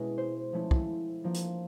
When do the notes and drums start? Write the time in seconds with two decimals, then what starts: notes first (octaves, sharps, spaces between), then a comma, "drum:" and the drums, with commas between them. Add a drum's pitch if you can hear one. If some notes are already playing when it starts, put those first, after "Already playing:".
Already playing: B2 G#3 C#4 E4
0.18 C5
0.53 F3 A3 C#4 E4
0.71 drum: kick
1.24 F3 A#3 D4
1.34 drum: hi-hat